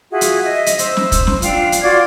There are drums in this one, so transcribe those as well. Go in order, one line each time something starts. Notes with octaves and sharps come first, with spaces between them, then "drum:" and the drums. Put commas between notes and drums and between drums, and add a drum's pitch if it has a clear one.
F4 F#4 G#4 E5
drum: hi-hat
D#5 E5
drum: hi-hat
C5 E6, drum: hi-hat
drum: snare
drum: kick, hi-hat
drum: snare
D4 F4 F5 G5, drum: hi-hat
drum: hi-hat
F4 F#4 D5 G#6